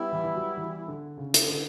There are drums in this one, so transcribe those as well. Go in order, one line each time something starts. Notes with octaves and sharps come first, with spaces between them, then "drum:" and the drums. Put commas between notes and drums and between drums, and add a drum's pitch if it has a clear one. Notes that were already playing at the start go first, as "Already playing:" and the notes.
Already playing: G3 B3 E4
E3
E3
F#3
E3
D3
C#3
drum: hi-hat
D3